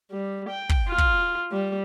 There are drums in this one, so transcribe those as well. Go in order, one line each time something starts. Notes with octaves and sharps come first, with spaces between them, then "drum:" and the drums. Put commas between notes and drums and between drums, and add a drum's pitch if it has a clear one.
G3
G5
drum: kick
F4
drum: kick
G3